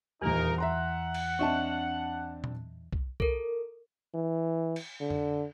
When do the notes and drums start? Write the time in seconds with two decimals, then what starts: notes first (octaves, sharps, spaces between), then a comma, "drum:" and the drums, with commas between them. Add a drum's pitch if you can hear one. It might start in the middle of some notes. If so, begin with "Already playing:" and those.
0.22 D#1 E2 E3 G3 D#4 A#4
0.58 E5 F#5 A#5 C6
1.14 drum: cymbal
1.39 C4 D4 D#5 E5 A5 C#6
2.44 drum: tom A#2
2.93 drum: kick
3.20 A4 A#4, drum: kick
4.14 E3
4.76 drum: cymbal
5.00 D3
5.10 drum: tom F2